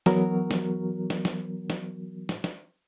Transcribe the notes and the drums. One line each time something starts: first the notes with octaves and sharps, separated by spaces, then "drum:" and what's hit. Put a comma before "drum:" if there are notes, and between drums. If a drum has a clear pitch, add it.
E3 F#3 B3 F#4 A#4, drum: snare
drum: snare
drum: snare
drum: snare
drum: snare
drum: snare
drum: snare